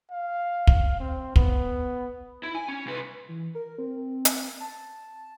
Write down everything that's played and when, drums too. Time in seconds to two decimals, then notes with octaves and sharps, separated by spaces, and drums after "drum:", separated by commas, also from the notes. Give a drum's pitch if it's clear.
0.11 F5
0.67 drum: kick
1.00 C4
1.36 B3, drum: kick
2.43 E4
2.55 G#5
2.68 C#4
2.86 C2 B4
3.29 E3
3.55 A#4
3.78 C4
4.25 drum: hi-hat
4.61 A5